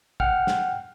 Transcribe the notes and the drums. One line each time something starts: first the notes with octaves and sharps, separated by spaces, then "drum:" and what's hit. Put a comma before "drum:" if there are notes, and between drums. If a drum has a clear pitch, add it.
F#5 G5 F6, drum: kick
drum: snare